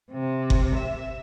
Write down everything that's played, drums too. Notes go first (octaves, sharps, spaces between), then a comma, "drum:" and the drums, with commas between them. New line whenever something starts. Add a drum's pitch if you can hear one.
C3
drum: kick F#1
E5